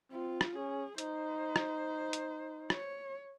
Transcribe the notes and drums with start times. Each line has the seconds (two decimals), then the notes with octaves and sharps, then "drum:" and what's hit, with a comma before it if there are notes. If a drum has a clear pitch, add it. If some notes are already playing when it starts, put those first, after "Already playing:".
0.12 C4 F4
0.41 drum: rim click
0.55 C#4 G#4
0.98 D#4 C5, drum: hi-hat
1.56 drum: rim click
2.13 drum: hi-hat
2.70 C#5, drum: rim click